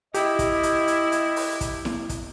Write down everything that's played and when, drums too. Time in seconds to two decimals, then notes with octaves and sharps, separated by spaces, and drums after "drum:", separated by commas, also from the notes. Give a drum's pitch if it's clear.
0.14 E4 G4 D#5, drum: hi-hat
0.39 drum: kick, hi-hat
0.63 drum: hi-hat
0.88 drum: hi-hat
1.12 drum: hi-hat
1.36 drum: open hi-hat
1.61 drum: kick, hi-hat
1.85 drum: snare E4
2.09 drum: kick, hi-hat